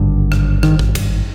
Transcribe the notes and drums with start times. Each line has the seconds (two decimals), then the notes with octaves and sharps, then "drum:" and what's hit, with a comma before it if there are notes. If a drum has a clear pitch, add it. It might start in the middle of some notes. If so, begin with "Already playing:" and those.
Already playing: G#1 G2 D3
0.32 drum: rim click
0.63 D#3, drum: rim click
0.79 drum: kick
0.95 drum: kick, cymbal